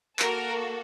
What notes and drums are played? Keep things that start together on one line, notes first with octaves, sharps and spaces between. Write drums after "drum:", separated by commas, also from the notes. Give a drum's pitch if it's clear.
A#3 F#4 A4 A#4, drum: clap